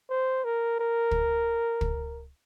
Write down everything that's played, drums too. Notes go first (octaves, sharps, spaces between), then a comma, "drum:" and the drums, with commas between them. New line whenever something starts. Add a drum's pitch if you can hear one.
C5
A#4
A#4
drum: kick
drum: kick